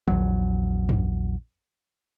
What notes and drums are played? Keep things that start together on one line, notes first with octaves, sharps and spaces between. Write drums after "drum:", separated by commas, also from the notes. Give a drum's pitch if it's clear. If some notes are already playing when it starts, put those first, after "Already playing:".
A#1 E2 F#3, drum: tom
drum: tom